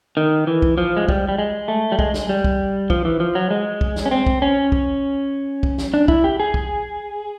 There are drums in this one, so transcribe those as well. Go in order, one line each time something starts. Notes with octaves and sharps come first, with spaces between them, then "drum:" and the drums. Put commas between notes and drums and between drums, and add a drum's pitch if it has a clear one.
D#3
E3
drum: kick
F3
G#3
G3, drum: kick
G3
G#3
A3
G3
G#3, drum: kick
drum: snare
G3
drum: kick
F3, drum: kick
E3
F3
F#3
G#3
drum: kick
drum: snare
C#4
C4
drum: kick
C#4
drum: kick
drum: kick
drum: snare
D4
E4, drum: kick
G4
G#4
drum: kick